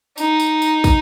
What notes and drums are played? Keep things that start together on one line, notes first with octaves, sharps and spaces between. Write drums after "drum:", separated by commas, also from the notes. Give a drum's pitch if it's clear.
D#4, drum: tambourine
drum: tambourine
drum: tambourine
drum: kick, tambourine